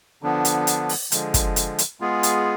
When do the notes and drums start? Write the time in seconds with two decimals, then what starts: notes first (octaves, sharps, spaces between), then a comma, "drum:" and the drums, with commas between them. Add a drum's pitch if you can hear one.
0.22 D3 F3 B3 D4
0.45 drum: hi-hat
0.67 drum: hi-hat
0.89 drum: open hi-hat
1.12 D3 F3 G#3, drum: hi-hat
1.34 drum: kick, hi-hat
1.56 drum: hi-hat
1.79 drum: hi-hat
2.00 G#3 B3 F4 G#4
2.23 drum: hi-hat